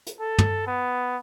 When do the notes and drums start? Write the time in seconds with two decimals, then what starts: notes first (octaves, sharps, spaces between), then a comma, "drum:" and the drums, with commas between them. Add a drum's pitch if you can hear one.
0.07 drum: hi-hat
0.20 A4
0.38 drum: tom
0.67 B3